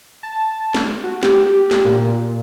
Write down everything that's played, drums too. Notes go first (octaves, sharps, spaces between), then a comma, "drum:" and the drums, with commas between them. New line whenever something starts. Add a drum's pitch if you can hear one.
A5
drum: snare
F#4
G4, drum: snare
G4
drum: snare
A#2